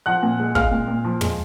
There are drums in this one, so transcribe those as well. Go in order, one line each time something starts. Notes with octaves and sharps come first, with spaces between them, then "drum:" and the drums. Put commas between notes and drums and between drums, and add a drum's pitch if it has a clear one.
F3 F#5 F#6
A#2
G#3
G#3 F5 F6, drum: kick
A#2
A#2
F3
G#3, drum: tom